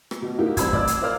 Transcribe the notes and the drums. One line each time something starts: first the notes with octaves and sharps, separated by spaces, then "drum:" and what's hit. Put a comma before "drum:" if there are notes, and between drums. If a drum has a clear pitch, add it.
drum: rim click
B2
A#3 D#4 E4 F#4 G4
A1 G2 C4 B5 E6 G#6, drum: kick, hi-hat
D5 E6, drum: kick
drum: hi-hat
A#4 C5 D5 F5 F6